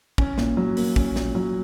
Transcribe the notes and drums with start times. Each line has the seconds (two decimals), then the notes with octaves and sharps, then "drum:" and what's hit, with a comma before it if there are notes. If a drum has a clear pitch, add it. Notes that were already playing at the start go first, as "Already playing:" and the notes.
0.18 C#4, drum: kick
0.38 A#2, drum: snare
0.57 F#3
0.77 A#3, drum: open hi-hat
0.96 C#4, drum: kick
1.16 A#2, drum: snare
1.35 F#3